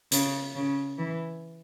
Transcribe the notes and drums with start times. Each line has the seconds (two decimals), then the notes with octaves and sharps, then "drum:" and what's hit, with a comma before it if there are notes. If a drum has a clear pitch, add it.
0.12 C#3, drum: hi-hat
0.55 C#3
0.99 E3